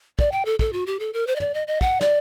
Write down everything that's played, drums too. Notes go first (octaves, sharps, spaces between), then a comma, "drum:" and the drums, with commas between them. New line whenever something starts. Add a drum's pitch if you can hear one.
D5, drum: kick
G5
A4
A4, drum: kick
F#4
G4
A4
A#4
C5
D#5
D5, drum: tom
D#5
D#5
F#5, drum: kick
D5, drum: snare